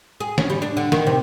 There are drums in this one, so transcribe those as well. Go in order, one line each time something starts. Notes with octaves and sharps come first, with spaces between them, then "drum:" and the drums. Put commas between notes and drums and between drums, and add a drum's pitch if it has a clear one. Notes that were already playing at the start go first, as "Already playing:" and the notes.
G#4
C#4, drum: snare
G3
D4
D3
D#3, drum: snare
C3